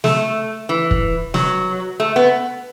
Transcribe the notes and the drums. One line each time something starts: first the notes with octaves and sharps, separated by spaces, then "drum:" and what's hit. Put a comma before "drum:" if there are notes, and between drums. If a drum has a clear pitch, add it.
A3, drum: snare
E3
drum: kick
F#3, drum: snare
A3
B3